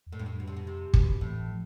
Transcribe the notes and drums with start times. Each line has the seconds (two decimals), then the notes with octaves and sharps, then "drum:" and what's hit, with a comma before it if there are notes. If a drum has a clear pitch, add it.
0.06 E2
0.12 F2 A2
0.19 G2
0.26 A2
0.40 B2
0.48 C3
0.56 B2
0.67 C3
0.94 F2 B2, drum: kick
1.21 A2 E3
1.49 F3